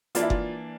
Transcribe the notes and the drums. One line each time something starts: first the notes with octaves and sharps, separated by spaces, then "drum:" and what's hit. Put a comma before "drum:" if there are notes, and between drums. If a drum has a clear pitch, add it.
E3 A#3 D4 F4, drum: hi-hat
E4
F4, drum: kick F#1